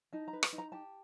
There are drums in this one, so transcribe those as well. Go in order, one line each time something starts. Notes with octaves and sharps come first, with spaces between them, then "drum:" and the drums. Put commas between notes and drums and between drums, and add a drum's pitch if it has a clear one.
D#4 A5
A#5
B4
B5, drum: rim click
D#4
A#5
G4 A5